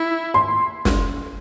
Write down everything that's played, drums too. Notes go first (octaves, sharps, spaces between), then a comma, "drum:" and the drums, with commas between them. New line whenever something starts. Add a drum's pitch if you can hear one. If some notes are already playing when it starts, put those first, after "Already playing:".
Already playing: E4
C6
drum: snare